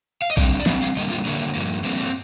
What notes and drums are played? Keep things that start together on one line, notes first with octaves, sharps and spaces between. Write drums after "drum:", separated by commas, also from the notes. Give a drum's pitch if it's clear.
F5
D#5
D3 G3 C4 D5, drum: kick A#1
D5
D3 G3 C4 D#5, drum: snare
F5
D3 G3 A#3 D#5
F4
D3 G3 A#3 D4
G2 F3 A#3
G2 F3 A#3 C4